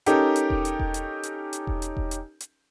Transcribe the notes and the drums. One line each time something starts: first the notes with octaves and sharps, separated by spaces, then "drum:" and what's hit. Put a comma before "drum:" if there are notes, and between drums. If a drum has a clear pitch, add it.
C#4 D#4 G4 A4 A#4, drum: hi-hat
drum: hi-hat
drum: kick E1
drum: hi-hat
drum: kick E1
drum: hi-hat
drum: hi-hat
drum: hi-hat
drum: kick E1
drum: hi-hat
drum: kick E1
drum: hi-hat
drum: hi-hat